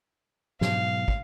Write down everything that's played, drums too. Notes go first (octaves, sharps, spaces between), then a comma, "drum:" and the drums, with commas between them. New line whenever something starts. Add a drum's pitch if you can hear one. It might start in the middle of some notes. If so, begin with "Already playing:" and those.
G#2 B2 F#3 F5, drum: snare
drum: kick